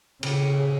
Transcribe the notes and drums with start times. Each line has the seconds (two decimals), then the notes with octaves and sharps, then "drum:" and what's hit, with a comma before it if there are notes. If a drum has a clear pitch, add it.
0.23 C#3, drum: cymbal